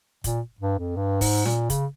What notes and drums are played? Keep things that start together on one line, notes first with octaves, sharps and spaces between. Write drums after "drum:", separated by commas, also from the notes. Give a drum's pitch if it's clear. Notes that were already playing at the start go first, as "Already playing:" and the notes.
A#2, drum: kick, hi-hat
G2
F2
G2
G#2, drum: kick, open hi-hat
A#2, drum: snare
C#3, drum: kick, hi-hat